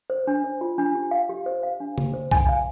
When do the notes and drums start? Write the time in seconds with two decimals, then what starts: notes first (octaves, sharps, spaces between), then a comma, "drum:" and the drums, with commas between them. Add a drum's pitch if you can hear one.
0.10 C5
0.27 D4
0.44 C5
0.61 F4
0.78 D4
0.95 G4
1.11 F5
1.29 G4
1.46 C5
1.63 F5
1.80 D4
1.98 G4, drum: tom
2.14 C5
2.31 G#5, drum: kick C2
2.49 F5